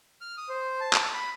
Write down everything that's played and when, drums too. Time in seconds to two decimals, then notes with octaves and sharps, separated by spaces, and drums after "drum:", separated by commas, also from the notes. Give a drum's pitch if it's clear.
0.21 F6
0.37 D#6
0.49 C5
0.81 A5
0.93 drum: clap
1.13 B5